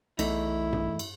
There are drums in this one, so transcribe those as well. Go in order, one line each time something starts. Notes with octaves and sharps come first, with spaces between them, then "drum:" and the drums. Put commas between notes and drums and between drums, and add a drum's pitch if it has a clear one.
B1 E2 A3 D#4 E4, drum: cymbal
drum: tom G2
drum: cymbal